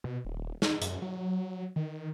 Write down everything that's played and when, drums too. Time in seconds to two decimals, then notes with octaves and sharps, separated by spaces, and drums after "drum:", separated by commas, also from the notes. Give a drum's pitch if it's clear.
0.04 B2
0.25 D#1
0.62 D#4, drum: snare
0.82 F#2, drum: hi-hat
1.02 F#3
1.76 D#3